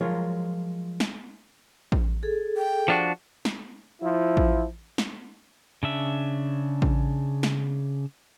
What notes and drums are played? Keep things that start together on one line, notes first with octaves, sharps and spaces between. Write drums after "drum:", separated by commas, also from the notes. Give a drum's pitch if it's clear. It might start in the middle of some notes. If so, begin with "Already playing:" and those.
F3 F#3 G#3 F4 A#4 C#5
drum: snare
drum: kick A1
G#4 A4
G5
F3 D4 F#4
drum: snare
F3 E4
drum: kick A1
drum: snare
C#3 D4 E5
drum: kick A1
drum: snare